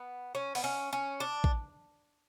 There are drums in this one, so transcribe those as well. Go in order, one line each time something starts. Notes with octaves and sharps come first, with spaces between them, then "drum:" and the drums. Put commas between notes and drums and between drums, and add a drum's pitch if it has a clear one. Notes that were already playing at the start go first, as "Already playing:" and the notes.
Already playing: B3
C#4
B3, drum: open hi-hat
C#4
C#4
D4
drum: kick A1